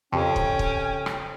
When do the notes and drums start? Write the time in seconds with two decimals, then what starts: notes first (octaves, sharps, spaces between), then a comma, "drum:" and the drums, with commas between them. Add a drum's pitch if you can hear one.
0.12 F2 C#3 C#4 G4 A4 G5
0.36 drum: kick
0.59 drum: kick
1.06 drum: rim click